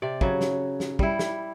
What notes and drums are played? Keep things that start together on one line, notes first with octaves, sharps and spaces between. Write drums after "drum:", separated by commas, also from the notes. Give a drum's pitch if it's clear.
C3 D5
C#3 F#3, drum: kick
drum: snare
drum: snare
G3 E4, drum: kick
drum: snare